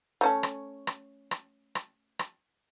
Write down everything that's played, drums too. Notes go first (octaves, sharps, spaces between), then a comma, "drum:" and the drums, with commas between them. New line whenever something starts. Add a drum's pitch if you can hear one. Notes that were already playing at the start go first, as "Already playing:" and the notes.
A3 C#4 A5
drum: rim click
drum: rim click
drum: rim click
drum: rim click
drum: rim click